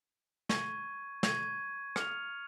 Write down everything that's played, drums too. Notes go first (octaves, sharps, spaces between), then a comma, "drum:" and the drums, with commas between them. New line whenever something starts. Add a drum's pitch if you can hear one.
C#6 G#6 D#7, drum: snare
C#6 G#6 D#7, drum: snare
F6 C#7 F7, drum: rim click